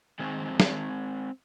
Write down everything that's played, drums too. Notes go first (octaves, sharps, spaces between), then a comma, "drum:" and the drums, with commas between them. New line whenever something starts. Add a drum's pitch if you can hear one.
D#3 G#3 C4
F2
D#3, drum: snare